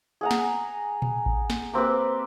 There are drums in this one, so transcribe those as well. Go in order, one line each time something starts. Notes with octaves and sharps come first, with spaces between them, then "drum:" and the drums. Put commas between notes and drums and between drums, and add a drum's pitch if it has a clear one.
G#4 F#5 A#5
drum: snare
drum: tom A#2
drum: kick A1
drum: snare
A#3 C4 G4 B4